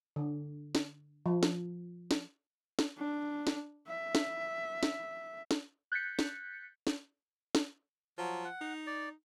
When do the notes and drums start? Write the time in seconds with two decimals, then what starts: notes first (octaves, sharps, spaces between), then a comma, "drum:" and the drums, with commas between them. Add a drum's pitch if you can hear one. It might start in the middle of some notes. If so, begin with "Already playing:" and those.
0.16 D3
0.75 drum: snare
1.26 F3
1.43 drum: snare
2.11 drum: snare
2.79 drum: snare
2.97 D4
3.47 drum: snare
3.88 E5
4.15 drum: snare
4.83 drum: snare
5.51 drum: snare
5.92 F#6 G6 A6 B6 C#7
6.19 drum: snare
6.87 drum: snare
7.55 drum: snare
8.18 F3 F#3
8.44 F#5
8.61 D#4
8.87 D5